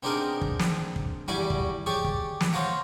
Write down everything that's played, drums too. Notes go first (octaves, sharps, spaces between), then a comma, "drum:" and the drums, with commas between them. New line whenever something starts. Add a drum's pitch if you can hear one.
B3 C4 D4 D#4 G#4 A#4
drum: kick
drum: snare
drum: kick
E2 G3 F#4 G#5 B5 D6
drum: kick
G4 G#4 C#5 D5
drum: kick
drum: snare
C5 C#5 F5 F#5 A#5